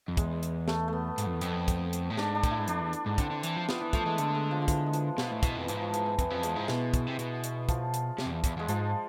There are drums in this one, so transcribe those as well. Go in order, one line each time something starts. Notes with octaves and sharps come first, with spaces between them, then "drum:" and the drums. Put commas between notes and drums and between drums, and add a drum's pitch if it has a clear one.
F2
E2 G#3, drum: kick, hi-hat
drum: hi-hat
A3, drum: snare
A3 B3
G#2, drum: hi-hat
F2
E2
F2, drum: hi-hat
drum: kick, hi-hat
drum: hi-hat
A2
G#2 D4, drum: snare
D4
A2, drum: kick, hi-hat
E4
G#2
F2 D4, drum: hi-hat
E2
drum: hi-hat
G#2
D3 C4, drum: kick, hi-hat
D3
E3, drum: hi-hat
F3
F3 B3, drum: snare
E3 B3
F3 A3, drum: kick, hi-hat
E3 G#3
D3 A3, drum: hi-hat
G#3
F3
F3
E3, drum: kick, hi-hat
G#3
F3, drum: hi-hat
B2 F3, drum: snare
E3
A2
B2 E3, drum: kick, hi-hat
F2 E3
G#2 F3, drum: hi-hat
E3
F3
E3, drum: hi-hat
E3
F2 E3, drum: kick, hi-hat
E2
F2 F3
E2 G#3, drum: hi-hat
G#2 E3
B2 E3, drum: snare
drum: kick, hi-hat
C3
B2, drum: hi-hat
drum: hi-hat
F3, drum: kick, hi-hat
drum: hi-hat
C3, drum: snare
F2
E2
E2, drum: kick, hi-hat
E2 G#3
G#2 F3, drum: hi-hat